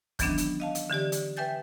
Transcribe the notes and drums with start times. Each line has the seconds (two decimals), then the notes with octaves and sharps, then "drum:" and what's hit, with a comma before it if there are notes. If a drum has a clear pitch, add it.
0.19 D#3 E3 F#3 B3 C#4 D4, drum: kick, hi-hat
0.38 drum: hi-hat
0.60 D#5 F5 A5
0.75 drum: hi-hat
0.90 D3 E3 G4 D5
1.12 drum: hi-hat
1.37 B4 E5 G5 G#5 G6 A6